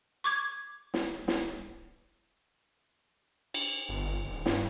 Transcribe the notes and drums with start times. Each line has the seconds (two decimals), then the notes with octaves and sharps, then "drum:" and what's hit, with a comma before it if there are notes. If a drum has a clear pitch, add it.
0.24 C#6 D6 G#6
0.94 drum: snare
1.28 drum: snare
3.54 drum: cymbal
3.89 G1
4.25 D#1
4.46 G2, drum: snare